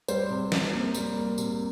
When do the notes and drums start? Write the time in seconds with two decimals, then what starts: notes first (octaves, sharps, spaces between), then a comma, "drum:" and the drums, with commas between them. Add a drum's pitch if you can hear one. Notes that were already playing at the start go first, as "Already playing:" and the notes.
0.08 G3 C5, drum: tambourine
0.30 C3
0.52 C3, drum: snare
0.74 A#3
0.95 G3, drum: tambourine
1.17 A#3
1.38 C3, drum: tambourine